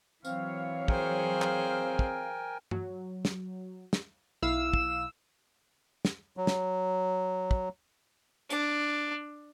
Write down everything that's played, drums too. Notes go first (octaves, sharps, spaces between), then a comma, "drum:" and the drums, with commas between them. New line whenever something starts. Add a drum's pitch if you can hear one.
E3 F#3 C4 C#5 F5, drum: tambourine
G#4 A#4 C5 G5 G#5, drum: kick
drum: clap
drum: kick
F#3, drum: tom G2
drum: snare
drum: snare
B1 E4 F5 E6
drum: kick
drum: snare
F#3
drum: snare
drum: kick
D4, drum: hi-hat